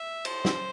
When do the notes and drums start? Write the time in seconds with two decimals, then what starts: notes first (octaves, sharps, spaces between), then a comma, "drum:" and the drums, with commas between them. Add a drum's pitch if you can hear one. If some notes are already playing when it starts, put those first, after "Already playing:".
Already playing: E5
0.25 C5, drum: cymbal
0.45 drum: snare